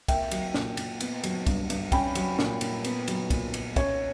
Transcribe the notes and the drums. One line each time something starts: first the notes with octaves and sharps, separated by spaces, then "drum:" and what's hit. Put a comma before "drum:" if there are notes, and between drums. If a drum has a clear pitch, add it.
A#3 E5 G5, drum: kick, cymbal
F#3, drum: cymbal
A#2, drum: snare
A#2, drum: cymbal
B3, drum: cymbal
F#3, drum: cymbal
G2, drum: kick, cymbal
G2, drum: cymbal
C#4 G5 B5, drum: kick, cymbal
F#3, drum: cymbal
A#2, drum: snare
A#2, drum: cymbal
B3, drum: cymbal
F#3, drum: cymbal
A#2, drum: kick, cymbal
A#2, drum: cymbal
C#4 C#5, drum: kick, cymbal